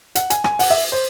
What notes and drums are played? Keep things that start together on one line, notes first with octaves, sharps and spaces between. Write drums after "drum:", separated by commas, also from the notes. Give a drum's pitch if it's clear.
F#5, drum: hi-hat
G#5, drum: hi-hat
G#5, drum: rim click
F#5, drum: open hi-hat
E5
C5